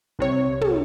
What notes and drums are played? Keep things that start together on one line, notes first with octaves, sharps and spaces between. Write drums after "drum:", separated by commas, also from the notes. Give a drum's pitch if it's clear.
C2 C3 C#5
drum: tom